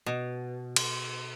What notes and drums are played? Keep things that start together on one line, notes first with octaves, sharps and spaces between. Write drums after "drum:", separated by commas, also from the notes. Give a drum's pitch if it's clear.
B2
drum: cymbal